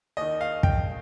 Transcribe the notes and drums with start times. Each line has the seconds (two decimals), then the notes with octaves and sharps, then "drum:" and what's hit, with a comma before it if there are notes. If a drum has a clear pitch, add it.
0.17 D#2 D#3 D#5
0.41 F5
0.63 G5, drum: kick